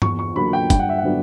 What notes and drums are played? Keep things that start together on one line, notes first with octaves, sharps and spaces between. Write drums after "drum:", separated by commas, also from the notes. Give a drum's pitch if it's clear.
E2 C#6, drum: tom G2
C#6
D3 F#3 A#3 B5
G5
G2 G5, drum: kick, hi-hat
F#5
E5
F#5
D3 F#3 B3 D4